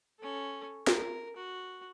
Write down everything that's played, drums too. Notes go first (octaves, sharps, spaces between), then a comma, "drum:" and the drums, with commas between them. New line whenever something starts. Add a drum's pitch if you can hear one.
C#4 A4
A#4, drum: snare
F#4